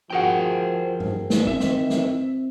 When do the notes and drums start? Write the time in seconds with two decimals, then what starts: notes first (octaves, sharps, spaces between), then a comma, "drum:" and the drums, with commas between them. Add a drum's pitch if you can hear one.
0.10 F3 E4 F#4 G#4 A#4 F#5 G5
1.00 drum: tom
1.30 drum: snare
1.47 D#3 C4 E5
1.60 drum: snare
1.90 drum: snare